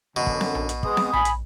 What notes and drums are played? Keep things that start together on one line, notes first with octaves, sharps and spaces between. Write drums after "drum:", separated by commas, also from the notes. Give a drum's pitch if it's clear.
F#2 B2 D3
drum: kick
drum: snare C4
drum: tom A#1
drum: hi-hat
G#3 B3 D#6, drum: kick
drum: snare C4
G#5 B5, drum: tom A#1
drum: hi-hat